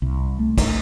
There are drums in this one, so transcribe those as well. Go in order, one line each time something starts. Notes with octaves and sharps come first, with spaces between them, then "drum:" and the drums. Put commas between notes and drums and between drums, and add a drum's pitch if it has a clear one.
C2
A3
drum: kick, cymbal